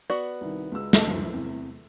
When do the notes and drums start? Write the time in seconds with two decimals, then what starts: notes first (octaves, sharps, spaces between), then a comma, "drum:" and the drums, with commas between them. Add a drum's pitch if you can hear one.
0.10 B3 F#4 D5
0.41 C2 D#3
0.72 C#2 G#3 E6
0.93 D2 D#5 A5, drum: snare
1.07 F#1 G2 F3
1.33 E2 C3 E3